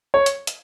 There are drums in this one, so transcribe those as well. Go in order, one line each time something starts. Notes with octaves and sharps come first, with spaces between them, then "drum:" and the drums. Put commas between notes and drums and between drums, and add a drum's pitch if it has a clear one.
C#5
drum: hi-hat
drum: hi-hat